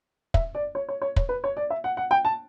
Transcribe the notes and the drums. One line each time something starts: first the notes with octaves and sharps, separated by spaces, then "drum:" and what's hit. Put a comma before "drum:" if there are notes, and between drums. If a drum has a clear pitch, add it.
E5, drum: kick
D5
C#5
C#5
C#5
C#5, drum: kick
B4
C#5
D5
E5
F#5
F#5
G5
A5